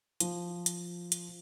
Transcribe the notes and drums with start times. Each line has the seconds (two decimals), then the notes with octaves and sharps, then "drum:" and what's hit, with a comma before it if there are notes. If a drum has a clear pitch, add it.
0.20 F3, drum: hi-hat
0.66 drum: hi-hat
1.12 drum: hi-hat